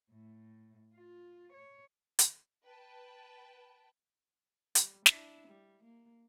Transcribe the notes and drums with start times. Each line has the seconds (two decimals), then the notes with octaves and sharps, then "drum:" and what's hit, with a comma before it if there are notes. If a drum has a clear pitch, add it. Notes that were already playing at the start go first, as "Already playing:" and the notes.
0.12 A2
0.96 F4
1.53 C#5
2.19 drum: hi-hat
2.65 B4 G5 A5
4.75 G3, drum: hi-hat
5.06 D4 E4, drum: snare
5.48 G3
5.84 A#3